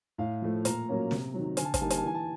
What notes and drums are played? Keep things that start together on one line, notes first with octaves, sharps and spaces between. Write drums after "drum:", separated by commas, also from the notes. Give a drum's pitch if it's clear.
A2 F5
F3 A3
A#2 A#5, drum: hi-hat
F#3 A#3 C#4
C3, drum: snare
D#3 F#3
D3 G#5, drum: hi-hat
A5
G#5, drum: kick, hi-hat
G3 A#3 D#4 A5
G#5, drum: hi-hat
A5
E3 G#5
A5